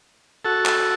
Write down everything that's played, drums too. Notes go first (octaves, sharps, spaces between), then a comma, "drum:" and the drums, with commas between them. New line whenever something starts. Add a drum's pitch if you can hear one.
F#4 A4
drum: clap